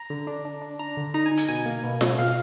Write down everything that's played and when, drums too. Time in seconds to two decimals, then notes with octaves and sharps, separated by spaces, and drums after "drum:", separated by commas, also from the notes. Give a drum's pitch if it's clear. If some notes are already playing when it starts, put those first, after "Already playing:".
Already playing: A#5
0.10 D3
0.27 D4
0.45 D4
0.62 D4
0.79 D4 A#5
0.97 D3
1.14 D#4 A#5
1.26 G#5
1.31 D#4
1.37 G#5, drum: hi-hat
1.48 B2 G#5
1.66 A#3
1.84 B2
2.01 B2, drum: snare F4
2.18 B2 F5